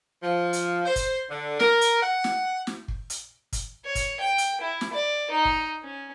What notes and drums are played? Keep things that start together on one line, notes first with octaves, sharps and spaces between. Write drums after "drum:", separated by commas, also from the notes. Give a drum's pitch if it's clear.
F3
drum: hi-hat
C5
drum: kick, hi-hat
D3
A#4, drum: snare
drum: hi-hat
F#5
drum: snare
drum: snare
drum: kick
drum: hi-hat
drum: kick, hi-hat
C#5
drum: kick, hi-hat
G5
drum: hi-hat
E4
drum: snare
D5
D#4
drum: kick
C#4